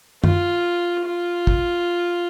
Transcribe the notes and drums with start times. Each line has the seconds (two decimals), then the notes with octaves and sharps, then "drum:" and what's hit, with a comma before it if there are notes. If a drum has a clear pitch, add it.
0.24 F4, drum: tom
1.05 F4
1.47 drum: kick